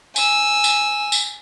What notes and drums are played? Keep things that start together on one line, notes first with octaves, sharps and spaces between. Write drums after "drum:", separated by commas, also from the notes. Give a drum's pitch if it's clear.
G#5 E6, drum: tambourine
drum: tambourine
drum: tambourine